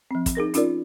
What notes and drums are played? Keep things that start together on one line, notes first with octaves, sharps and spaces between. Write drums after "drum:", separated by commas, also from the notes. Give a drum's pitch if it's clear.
F3 C4
drum: kick, hi-hat
D#4 G#4 A#4 A#6
C#4 D#4 F4 A#4 D5, drum: hi-hat